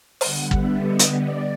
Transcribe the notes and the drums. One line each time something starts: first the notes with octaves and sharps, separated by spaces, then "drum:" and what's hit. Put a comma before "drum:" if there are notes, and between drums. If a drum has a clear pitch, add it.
D3 G3 B3 F#5, drum: open hi-hat
E5, drum: kick
D#5
drum: hi-hat
D5